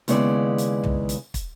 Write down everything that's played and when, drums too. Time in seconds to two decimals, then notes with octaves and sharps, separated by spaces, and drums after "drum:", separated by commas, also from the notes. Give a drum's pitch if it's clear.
0.08 D#2 C#3 G#3 B3 E4 D5, drum: hi-hat
0.58 drum: hi-hat
0.84 drum: tom
1.09 drum: hi-hat
1.34 drum: kick, hi-hat